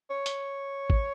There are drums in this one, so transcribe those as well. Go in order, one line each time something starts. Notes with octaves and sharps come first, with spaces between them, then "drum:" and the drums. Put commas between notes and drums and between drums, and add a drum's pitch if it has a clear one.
C#5
drum: hi-hat
drum: kick A1